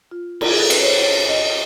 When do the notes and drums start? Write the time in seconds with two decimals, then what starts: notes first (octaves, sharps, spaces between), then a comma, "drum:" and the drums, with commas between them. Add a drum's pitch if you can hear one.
0.11 F4
0.41 F4, drum: cymbal
0.50 G#4
0.60 A4
0.70 B4, drum: cymbal
0.81 C#5
0.85 C5
1.00 C#5
1.29 D#5